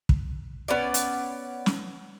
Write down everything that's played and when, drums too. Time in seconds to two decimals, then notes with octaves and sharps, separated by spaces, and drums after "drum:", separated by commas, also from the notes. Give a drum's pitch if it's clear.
0.09 drum: kick
0.68 B3 C#4 D5
0.94 drum: hi-hat
1.66 drum: snare